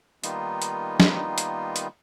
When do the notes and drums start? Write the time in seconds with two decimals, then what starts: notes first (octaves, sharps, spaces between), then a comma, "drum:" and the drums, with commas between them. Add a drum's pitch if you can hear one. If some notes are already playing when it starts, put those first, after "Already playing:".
0.24 D#3 G3 A#3 B3 D#4 F4, drum: hi-hat
0.62 drum: hi-hat
1.00 drum: snare
1.38 drum: hi-hat
1.76 drum: hi-hat